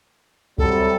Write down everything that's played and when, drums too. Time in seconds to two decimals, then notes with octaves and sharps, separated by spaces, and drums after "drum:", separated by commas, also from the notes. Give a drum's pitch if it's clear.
0.58 C3 F#3 G3 A4, drum: kick C#2